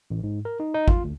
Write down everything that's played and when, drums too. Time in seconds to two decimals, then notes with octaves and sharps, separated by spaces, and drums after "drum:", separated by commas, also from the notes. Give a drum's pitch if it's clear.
0.10 A1
0.23 G#2
0.45 A#4
0.60 D#4
0.74 D#4
0.88 F4, drum: kick G#1
1.04 D2